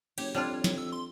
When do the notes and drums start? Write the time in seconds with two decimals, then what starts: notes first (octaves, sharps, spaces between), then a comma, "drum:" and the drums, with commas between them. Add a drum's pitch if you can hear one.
0.18 F#1 G4 C#5, drum: cymbal
0.35 F2 G3 D4 F4 C#5
0.64 drum: snare
0.78 E6
0.92 C6